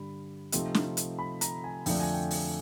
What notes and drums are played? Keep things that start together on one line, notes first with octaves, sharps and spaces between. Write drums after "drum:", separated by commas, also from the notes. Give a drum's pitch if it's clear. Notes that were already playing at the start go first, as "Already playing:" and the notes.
Already playing: G2 D3 G3 B5
C3 F3 A3 C4 D#4, drum: hi-hat
drum: snare
drum: hi-hat
B5
A#5, drum: hi-hat
G#5
F2 D3 F3 A3 D4 G5, drum: open hi-hat
G#5
G5
drum: open hi-hat